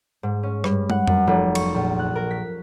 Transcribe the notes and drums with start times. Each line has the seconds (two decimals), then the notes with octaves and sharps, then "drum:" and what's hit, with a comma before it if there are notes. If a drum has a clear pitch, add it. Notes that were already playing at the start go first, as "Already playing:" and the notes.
0.23 G#2
0.43 C#4
0.64 G2, drum: rim click
0.90 F#5, drum: tom
1.07 F#2, drum: tom F2
1.27 F1
1.55 C#6, drum: cymbal
1.74 A#1
1.99 F#6
2.15 A#4
2.31 B6